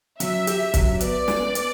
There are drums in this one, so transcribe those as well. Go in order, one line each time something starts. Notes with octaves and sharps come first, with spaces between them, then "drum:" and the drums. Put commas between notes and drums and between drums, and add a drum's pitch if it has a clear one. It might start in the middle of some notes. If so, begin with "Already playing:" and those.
F#3 E5, drum: hi-hat
G4, drum: hi-hat
F#3, drum: kick, hi-hat
B3 D5, drum: hi-hat
B3, drum: snare
B3, drum: hi-hat